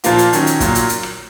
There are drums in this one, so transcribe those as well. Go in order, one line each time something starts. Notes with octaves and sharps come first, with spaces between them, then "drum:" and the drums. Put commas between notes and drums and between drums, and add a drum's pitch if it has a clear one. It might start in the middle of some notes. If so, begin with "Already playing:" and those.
A#2 F3 A#3 F4, drum: hi-hat
drum: hi-hat
D#3 F#3 C#4, drum: hi-hat
drum: hi-hat
A#2 F#3 A#3, drum: kick, hi-hat
drum: hi-hat
drum: hi-hat
drum: rim click